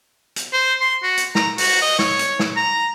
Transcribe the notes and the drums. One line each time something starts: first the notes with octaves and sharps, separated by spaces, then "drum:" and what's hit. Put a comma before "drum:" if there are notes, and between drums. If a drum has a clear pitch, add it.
drum: hi-hat
C5
C6
F#4
drum: hi-hat
A#5, drum: snare
F#4, drum: open hi-hat
D#5
C#5, drum: snare
drum: hi-hat
drum: snare
A#5